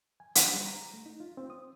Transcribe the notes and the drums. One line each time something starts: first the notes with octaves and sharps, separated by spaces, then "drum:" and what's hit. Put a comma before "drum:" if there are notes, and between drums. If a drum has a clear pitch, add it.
G#5
F#5, drum: hi-hat
G3
A#5
A3
D#4
F4
C4
D#6